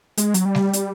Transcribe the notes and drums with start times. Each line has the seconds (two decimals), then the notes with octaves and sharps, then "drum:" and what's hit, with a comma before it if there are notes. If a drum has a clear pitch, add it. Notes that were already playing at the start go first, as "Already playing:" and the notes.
0.17 G#3, drum: hi-hat
0.34 F#3, drum: hi-hat
0.45 G3
0.55 drum: snare G3
0.73 drum: hi-hat